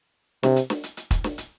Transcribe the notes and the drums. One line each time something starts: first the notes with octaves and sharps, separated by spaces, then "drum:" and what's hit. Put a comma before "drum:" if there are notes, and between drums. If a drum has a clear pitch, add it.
C3, drum: snare
drum: hi-hat
drum: snare
drum: hi-hat
drum: hi-hat
drum: kick, hi-hat
drum: snare
drum: hi-hat